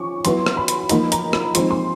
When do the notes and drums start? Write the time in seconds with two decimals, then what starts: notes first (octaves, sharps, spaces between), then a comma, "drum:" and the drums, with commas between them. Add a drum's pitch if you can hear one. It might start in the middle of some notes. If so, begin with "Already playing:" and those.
Already playing: F3 C#4 C#6 D6
0.25 F#3 B3 E4 C6, drum: hi-hat
0.46 drum: rim click
0.57 B5
0.68 drum: hi-hat
0.89 F3 A#3 D#4 B5, drum: hi-hat
1.12 A#5, drum: hi-hat
1.33 B5, drum: rim click
1.55 F3 G#3 C4 D#4 C6, drum: hi-hat
1.71 C6